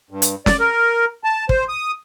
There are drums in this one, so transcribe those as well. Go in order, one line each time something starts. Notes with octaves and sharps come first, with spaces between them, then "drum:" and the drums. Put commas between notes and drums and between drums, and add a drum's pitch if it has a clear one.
G2
drum: hi-hat
D5, drum: snare
A#4
A5
C5, drum: kick
D#6